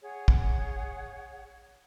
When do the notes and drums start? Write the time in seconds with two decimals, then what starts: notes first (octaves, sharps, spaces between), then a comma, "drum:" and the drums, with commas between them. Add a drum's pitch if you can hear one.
0.02 G#4 C#5 F#5
0.28 drum: kick